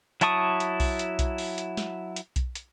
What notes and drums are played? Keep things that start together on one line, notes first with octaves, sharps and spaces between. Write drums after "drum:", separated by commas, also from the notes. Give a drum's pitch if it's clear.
F#3 E4 A5 C#6 D#6, drum: hi-hat
drum: hi-hat
drum: kick B1, open hi-hat
drum: hi-hat
drum: kick B1, hi-hat
drum: open hi-hat
drum: hi-hat
drum: snare
drum: hi-hat
drum: kick B1, hi-hat
drum: hi-hat